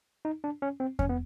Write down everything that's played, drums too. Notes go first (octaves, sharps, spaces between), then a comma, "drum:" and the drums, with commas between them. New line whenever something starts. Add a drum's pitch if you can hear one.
D#4
D4
C#4
C4
C#4, drum: kick E2
B3